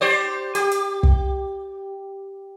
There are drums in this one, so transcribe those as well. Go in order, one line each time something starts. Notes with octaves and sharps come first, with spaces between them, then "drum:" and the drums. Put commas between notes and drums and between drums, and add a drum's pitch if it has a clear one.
G4 C5 D5
G4, drum: hi-hat
drum: hi-hat
drum: kick